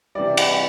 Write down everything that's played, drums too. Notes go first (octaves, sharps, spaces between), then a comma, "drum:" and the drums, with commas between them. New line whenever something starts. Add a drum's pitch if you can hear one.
C3 E3 G3 D5
drum: cymbal